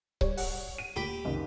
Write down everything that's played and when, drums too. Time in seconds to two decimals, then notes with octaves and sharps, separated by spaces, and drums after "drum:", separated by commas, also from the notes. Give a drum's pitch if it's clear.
0.21 G3 C#5, drum: kick C#1
0.37 F#5, drum: open hi-hat
0.78 D#7
0.96 D2 A#2 G4 B5 D7
1.25 F#1 C2 C3 D#3